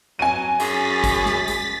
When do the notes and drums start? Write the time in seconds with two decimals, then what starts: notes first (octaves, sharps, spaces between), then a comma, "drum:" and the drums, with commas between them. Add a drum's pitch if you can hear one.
0.19 F#3 G#5 D#7
0.60 F#2 G#4 A6 B6, drum: tambourine
1.04 drum: kick G#1, tambourine
1.26 drum: snare
1.48 drum: tambourine